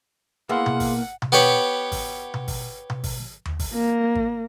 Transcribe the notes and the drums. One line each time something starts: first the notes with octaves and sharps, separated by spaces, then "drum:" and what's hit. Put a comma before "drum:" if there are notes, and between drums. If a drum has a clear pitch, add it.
A#3 B3 E4 G#4 F5 F#5 C6
drum: tom B2
drum: kick G#1, open hi-hat
drum: tom B2
B3 G4 B4 C#5
drum: kick G#1, open hi-hat
drum: tom B2
drum: kick G#1, open hi-hat
drum: tom B2
drum: kick G#1, open hi-hat
drum: tom D#2
drum: kick G#1, open hi-hat
A#3
drum: kick G#1